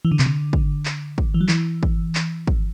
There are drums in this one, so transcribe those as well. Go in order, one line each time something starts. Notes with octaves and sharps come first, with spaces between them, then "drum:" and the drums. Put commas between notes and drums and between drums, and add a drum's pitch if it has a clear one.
E3
D3
C3, drum: clap
D3
drum: kick
drum: clap
drum: kick
E3
F#3
E3, drum: clap
drum: kick
drum: clap
drum: kick